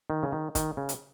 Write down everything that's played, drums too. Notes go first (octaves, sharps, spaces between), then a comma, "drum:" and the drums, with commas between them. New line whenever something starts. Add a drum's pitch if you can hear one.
D#3
C#3
D#3
D#3, drum: kick, hi-hat
C#3
drum: hi-hat